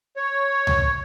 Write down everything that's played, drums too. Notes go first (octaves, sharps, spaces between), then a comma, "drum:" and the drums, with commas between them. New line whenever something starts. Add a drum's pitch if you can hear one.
C#5
drum: tom C#2